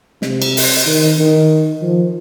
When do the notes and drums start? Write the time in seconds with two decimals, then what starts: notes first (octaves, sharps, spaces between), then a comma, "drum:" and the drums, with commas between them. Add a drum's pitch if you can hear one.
0.22 C3, drum: snare
0.42 drum: cymbal
0.57 drum: open hi-hat
0.85 D#3
1.18 D#3
1.81 F3